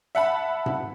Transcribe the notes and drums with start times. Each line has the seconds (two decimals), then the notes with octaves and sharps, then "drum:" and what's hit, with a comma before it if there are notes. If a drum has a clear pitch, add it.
0.15 E5 F#5 A5 B5
0.66 drum: tom G#2